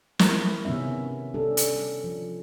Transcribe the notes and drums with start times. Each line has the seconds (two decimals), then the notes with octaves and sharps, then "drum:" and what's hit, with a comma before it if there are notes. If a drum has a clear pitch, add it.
0.19 E4 A#4, drum: snare
0.65 C3 D#3 B3 C#4 E5
1.34 G3 C#4 D4 A4
1.57 drum: hi-hat
2.04 F3